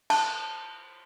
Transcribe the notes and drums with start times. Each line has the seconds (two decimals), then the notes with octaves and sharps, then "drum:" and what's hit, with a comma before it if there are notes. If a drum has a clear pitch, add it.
0.10 A5, drum: cymbal